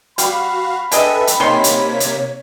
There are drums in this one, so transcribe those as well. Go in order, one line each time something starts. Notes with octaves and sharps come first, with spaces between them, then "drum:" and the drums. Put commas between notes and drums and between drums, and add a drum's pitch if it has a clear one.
G3 F#4 F5 B5, drum: hi-hat
D4 G#4 A4 B4 D#5 E5 G5, drum: hi-hat
drum: hi-hat
C3 D#3 G#3 A#3 C#5 C6 B6
drum: hi-hat
drum: hi-hat